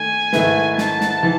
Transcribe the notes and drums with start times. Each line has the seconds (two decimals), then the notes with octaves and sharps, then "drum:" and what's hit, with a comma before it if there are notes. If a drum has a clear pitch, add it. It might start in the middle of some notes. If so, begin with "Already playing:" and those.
Already playing: D#3 A3 G#5
0.33 G#2 D#3 A3 E4 B4, drum: snare
0.78 A5, drum: snare
1.01 drum: snare
1.23 E3